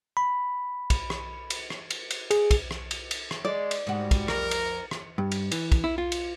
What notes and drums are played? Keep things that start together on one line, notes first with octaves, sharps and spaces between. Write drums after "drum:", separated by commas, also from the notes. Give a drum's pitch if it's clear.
B5
drum: kick, cymbal
drum: rim click
drum: cymbal
drum: rim click
drum: cymbal
drum: cymbal
G#4, drum: cymbal
drum: kick, cymbal
drum: rim click
drum: cymbal
drum: cymbal
drum: rim click
G#3 D5
drum: cymbal
G#2 G3 F#4
drum: kick, cymbal
F2 A#4, drum: rim click
drum: cymbal
drum: rim click
G2
drum: cymbal
E3, drum: cymbal
drum: kick, cymbal
E4
F4
drum: cymbal